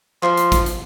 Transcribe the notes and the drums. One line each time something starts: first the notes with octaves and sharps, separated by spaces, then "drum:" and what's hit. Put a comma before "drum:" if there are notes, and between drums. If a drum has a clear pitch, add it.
F3 C6, drum: clap
drum: hi-hat
drum: kick, hi-hat
drum: hi-hat